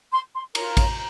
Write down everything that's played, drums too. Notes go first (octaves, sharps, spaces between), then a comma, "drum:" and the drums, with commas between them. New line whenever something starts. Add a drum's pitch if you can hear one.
C6
C6
F4 A#4 C#5 A#5, drum: cymbal
drum: kick A1, cymbal